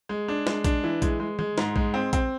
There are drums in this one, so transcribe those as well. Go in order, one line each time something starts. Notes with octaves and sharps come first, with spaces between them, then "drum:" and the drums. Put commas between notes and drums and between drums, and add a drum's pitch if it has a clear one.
G#3
D4
G#3, drum: snare
D4, drum: kick A#1, hi-hat
E3
G#3, drum: kick A#1, hi-hat
G#3
G#3, drum: tom
G#2, drum: snare
G#3, drum: kick A#1
C4
C4, drum: kick A#1, hi-hat